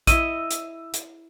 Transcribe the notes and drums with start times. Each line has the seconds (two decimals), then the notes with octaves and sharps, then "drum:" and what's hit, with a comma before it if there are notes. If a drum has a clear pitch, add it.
0.07 E4 D#5 E6 D#7, drum: kick A#1, hi-hat
0.51 drum: hi-hat
0.94 drum: hi-hat